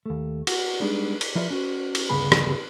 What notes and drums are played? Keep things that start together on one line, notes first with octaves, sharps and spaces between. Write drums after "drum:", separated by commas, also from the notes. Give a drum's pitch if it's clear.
D#2 A3
F#4, drum: cymbal
G3 G#3 B3 D4 D#4 G#4
drum: cymbal
F3 E4 F4 A#4 B4 D5
C#4 F#4 C5
drum: cymbal
D2 G2 C#3 B3 G#4 B5
drum: rim click